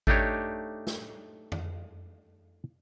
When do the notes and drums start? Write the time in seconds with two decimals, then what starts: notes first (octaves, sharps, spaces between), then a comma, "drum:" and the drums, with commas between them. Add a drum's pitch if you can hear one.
0.07 A3 D4 D#4 G4 C#5, drum: kick G#1
0.87 drum: snare
1.52 drum: tom F2